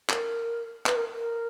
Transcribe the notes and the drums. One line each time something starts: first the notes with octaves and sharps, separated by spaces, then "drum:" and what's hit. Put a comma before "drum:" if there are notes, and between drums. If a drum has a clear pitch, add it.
A#4, drum: clap
B4, drum: clap
A#4
A#4